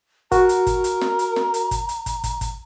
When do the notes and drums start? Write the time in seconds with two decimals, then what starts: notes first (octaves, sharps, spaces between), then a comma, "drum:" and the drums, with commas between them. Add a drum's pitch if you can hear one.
0.32 F#4 A#4 A#5, drum: kick, hi-hat
0.49 drum: hi-hat
0.67 drum: kick, hi-hat
0.84 drum: hi-hat
1.01 drum: snare
1.19 drum: hi-hat
1.36 drum: snare
1.54 drum: hi-hat
1.71 drum: kick, hi-hat
1.89 drum: hi-hat
2.06 drum: kick, hi-hat
2.24 drum: kick, hi-hat
2.41 drum: kick, hi-hat